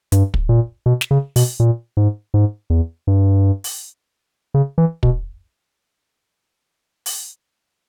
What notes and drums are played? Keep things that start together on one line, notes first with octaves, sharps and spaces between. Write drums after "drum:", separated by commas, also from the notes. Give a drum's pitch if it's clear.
G2, drum: hi-hat
drum: kick
A#2
B2
drum: snare
C#3
B2, drum: open hi-hat
A#2
G#2
G#2
E2
G2
drum: open hi-hat
C#3
E3
B2, drum: kick
drum: open hi-hat